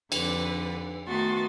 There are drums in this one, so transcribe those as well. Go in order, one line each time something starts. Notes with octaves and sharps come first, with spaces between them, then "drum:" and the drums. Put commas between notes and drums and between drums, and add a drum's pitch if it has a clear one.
F2 D3 B4, drum: cymbal
D#3 A3 B3 F#4 C6 A6